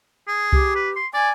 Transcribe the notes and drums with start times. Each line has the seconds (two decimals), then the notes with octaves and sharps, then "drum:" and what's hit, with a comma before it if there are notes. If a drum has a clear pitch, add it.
0.28 G#4
0.52 G4, drum: kick C2
0.75 B4
0.96 C6
1.14 D5 G#5